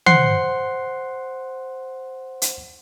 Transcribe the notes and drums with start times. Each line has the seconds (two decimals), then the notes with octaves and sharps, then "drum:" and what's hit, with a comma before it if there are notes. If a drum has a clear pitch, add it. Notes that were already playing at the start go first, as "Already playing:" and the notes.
0.06 C5 F#5 C6 C7, drum: tom
2.42 drum: hi-hat